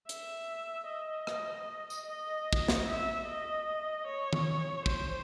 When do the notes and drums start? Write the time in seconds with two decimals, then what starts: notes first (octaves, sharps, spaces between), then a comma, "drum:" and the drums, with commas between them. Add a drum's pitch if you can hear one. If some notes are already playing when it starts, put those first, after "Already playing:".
0.09 E5, drum: hi-hat
0.89 D#5
1.27 drum: rim click
1.90 drum: tambourine
2.07 D#5
2.53 drum: kick
2.68 drum: snare
2.87 E5
3.27 D#5
4.07 C#5
4.33 drum: tom D#3
4.86 C5, drum: kick